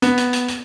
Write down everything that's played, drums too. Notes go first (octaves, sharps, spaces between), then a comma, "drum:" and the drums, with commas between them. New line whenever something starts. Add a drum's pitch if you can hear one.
B3, drum: hi-hat
drum: hi-hat
drum: hi-hat
drum: hi-hat